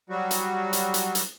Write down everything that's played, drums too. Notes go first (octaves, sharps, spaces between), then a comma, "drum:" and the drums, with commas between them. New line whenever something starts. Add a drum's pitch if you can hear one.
F#3 G3 F#4
drum: hi-hat
drum: hi-hat
drum: hi-hat
drum: hi-hat